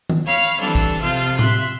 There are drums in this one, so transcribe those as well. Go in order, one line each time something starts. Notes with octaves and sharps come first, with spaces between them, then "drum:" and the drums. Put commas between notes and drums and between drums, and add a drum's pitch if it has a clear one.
drum: tom D#3
C#5 F5 B5 F6
drum: tambourine
E3 G3 C4 D4 A4
drum: kick, tambourine
C3 F3 F4 A4 F5 G6
E5 C6 F#6, drum: tom A2